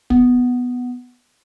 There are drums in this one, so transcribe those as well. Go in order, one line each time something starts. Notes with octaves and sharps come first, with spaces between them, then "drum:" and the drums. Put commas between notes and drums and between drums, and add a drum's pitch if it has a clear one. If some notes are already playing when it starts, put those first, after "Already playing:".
B3, drum: kick